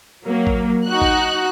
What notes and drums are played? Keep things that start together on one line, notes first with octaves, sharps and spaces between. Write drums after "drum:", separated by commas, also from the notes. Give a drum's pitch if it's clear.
F#3 A#3
drum: kick G#1
D#4 F#4 F#6
drum: kick G#1